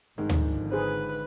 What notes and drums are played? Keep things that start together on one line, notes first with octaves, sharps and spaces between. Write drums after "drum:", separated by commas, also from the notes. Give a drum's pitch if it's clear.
G#1 G#2 D3 D#3 F3 G#3
drum: tom D2
G#4 B4 C5